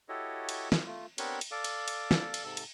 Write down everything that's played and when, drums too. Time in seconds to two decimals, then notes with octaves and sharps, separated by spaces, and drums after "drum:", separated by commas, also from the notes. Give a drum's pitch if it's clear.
0.09 E4 F#4 G4 A4 C#5 D#5
0.49 drum: cymbal
0.72 drum: snare
0.86 A3 F4
1.18 B3 C4 D4 G4 A#4 C#5, drum: cymbal
1.41 drum: cymbal
1.51 A4 D5 F5 D6
1.64 drum: cymbal
1.88 drum: cymbal
2.11 drum: snare
2.34 drum: cymbal
2.44 G#2 C3 A4 E6
2.57 drum: cymbal